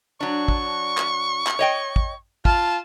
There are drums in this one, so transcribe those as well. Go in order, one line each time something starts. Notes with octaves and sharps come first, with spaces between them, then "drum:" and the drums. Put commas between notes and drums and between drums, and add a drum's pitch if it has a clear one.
F#3 D4 C#6
drum: kick
drum: clap
drum: clap
C#5 D#5 G5
drum: kick
F4 F5 A5, drum: kick